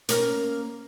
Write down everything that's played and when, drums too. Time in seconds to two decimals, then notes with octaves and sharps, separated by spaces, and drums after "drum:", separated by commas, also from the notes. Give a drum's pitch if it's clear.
0.09 A#3 C#4 A#4, drum: hi-hat